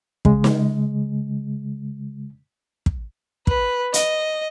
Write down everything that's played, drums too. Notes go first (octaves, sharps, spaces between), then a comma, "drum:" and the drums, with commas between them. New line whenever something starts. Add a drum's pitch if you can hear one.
C#3 G#3, drum: kick
drum: snare
drum: kick
B4, drum: kick
D#5, drum: hi-hat